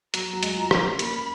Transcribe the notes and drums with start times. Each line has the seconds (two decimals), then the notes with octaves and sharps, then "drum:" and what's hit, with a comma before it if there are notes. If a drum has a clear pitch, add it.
0.14 F#3 A#5, drum: hi-hat
0.33 F#3
0.43 G#3 A#5, drum: hi-hat
0.57 F4
0.71 C#4, drum: rim click
0.99 A#3 B5, drum: hi-hat